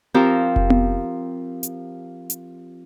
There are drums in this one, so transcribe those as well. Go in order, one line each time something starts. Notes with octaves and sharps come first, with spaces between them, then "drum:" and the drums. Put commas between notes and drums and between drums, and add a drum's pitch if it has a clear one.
F3 C4 G4 A#4
drum: kick F1
drum: tom B3
drum: hi-hat
drum: hi-hat